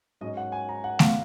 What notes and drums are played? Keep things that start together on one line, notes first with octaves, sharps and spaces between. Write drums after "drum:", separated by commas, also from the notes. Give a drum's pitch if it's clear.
G#2 F#3 C#4 D#5
F#5
G#5
A#5
F#5
F5, drum: snare A3